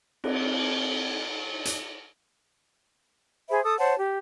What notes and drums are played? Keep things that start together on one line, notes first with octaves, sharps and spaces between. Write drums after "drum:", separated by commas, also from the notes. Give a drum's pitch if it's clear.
C4, drum: cymbal
drum: hi-hat
G#4 C5 E5 B5
A4 D#6
C5 C#5 F#5 A5
G4